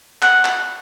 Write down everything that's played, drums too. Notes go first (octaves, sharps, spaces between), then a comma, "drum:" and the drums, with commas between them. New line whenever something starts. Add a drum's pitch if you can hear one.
F#5, drum: clap
drum: clap